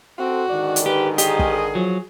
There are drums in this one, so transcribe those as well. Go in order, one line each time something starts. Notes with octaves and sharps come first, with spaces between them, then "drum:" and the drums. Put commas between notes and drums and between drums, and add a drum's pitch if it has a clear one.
C4 F#4 A4
G#2 D3 D#3 D5
drum: hi-hat
G4 B4
G4 G#4 D#5, drum: hi-hat
drum: kick
F3 F#3